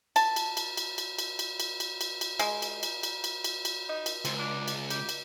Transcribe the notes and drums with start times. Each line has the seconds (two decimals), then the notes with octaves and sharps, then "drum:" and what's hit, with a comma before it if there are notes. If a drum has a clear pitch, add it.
0.16 A5, drum: cymbal
0.36 drum: cymbal
0.57 drum: cymbal
0.77 drum: cymbal
0.98 drum: cymbal
1.19 drum: cymbal
1.39 drum: cymbal
1.60 drum: cymbal
1.80 drum: cymbal
2.01 drum: cymbal
2.21 drum: cymbal
2.39 G#3, drum: cymbal
2.62 drum: cymbal
2.83 drum: cymbal
3.03 drum: cymbal
3.24 drum: cymbal
3.44 drum: cymbal
3.65 drum: cymbal
3.89 D#4
4.06 drum: cymbal
4.25 C#2 C4, drum: cymbal
4.39 D4
4.68 drum: cymbal
4.90 G4, drum: cymbal
5.09 drum: cymbal